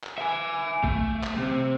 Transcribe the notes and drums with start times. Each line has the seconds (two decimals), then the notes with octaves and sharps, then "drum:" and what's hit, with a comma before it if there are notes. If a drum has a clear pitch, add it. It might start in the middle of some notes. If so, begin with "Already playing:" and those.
0.04 drum: clap
0.18 E5 G#5
0.84 A3, drum: kick
1.24 drum: clap
1.37 C3